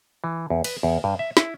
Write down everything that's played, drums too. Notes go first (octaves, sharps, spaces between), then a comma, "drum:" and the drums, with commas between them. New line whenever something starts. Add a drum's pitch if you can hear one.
E3
E2
B4, drum: cymbal
E2
G2
E5
E4, drum: snare